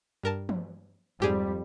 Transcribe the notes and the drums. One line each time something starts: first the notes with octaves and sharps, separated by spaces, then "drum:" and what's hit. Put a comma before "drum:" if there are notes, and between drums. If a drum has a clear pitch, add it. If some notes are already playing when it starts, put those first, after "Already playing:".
G2 A#4 A5
drum: tom E3
F2 G#2 G3 G4 G#4